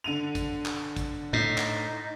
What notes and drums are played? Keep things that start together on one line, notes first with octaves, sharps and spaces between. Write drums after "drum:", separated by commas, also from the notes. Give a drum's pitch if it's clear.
D3 D#7 F7
drum: kick, hi-hat
drum: clap
drum: kick, hi-hat
A2 D#4
drum: clap